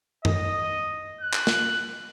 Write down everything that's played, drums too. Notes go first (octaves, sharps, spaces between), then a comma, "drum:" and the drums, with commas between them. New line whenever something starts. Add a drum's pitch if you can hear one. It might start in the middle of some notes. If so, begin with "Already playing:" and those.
D#5, drum: tom F#2
F#6
drum: clap
drum: snare